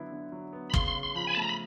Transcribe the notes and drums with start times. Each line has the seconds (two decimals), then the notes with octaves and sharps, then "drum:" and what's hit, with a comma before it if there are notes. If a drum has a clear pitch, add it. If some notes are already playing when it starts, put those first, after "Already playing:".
Already playing: D3 F#3 B3 E4
0.12 D3
0.32 F#3
0.53 B3
0.70 B5
0.74 C#3 C6, drum: kick
0.95 C#3
1.03 C6
1.15 F3 B5
1.27 G#5
1.34 A3 A5
1.42 A#5
1.49 B5